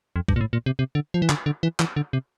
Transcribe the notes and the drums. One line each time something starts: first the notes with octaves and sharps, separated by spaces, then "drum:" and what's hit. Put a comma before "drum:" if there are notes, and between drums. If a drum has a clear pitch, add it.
F2
G2, drum: kick
A#2
A2
A#2
C3
C3
D3
F3
E3
D3, drum: clap
D3
E3
E3, drum: clap
D3
C3